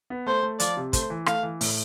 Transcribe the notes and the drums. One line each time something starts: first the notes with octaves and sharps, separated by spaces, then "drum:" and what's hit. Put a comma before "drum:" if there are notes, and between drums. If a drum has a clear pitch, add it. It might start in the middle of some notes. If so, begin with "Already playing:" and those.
B3
A3 C5
A3
F3 D5, drum: hi-hat
C3
A3 C5, drum: kick, hi-hat
E3
A3 F5, drum: rim click
E3
A2, drum: open hi-hat